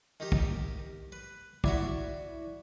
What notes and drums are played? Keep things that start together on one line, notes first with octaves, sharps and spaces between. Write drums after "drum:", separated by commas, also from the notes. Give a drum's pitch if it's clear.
D#3 D#4 G4
drum: kick
B4
E4 F#4 D5 E5 G#5, drum: kick